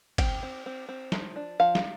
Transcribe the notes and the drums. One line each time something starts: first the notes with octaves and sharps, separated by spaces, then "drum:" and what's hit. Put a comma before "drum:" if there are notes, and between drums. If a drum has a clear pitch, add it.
C4 G5, drum: kick G1, cymbal
C4
C4
C4
F3, drum: snare
D4
F3 F5
drum: snare